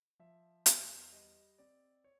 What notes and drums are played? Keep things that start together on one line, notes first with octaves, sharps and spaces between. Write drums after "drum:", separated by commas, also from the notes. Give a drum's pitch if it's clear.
F3 E5
E2, drum: hi-hat
G3 D#5
C4 D5
C#5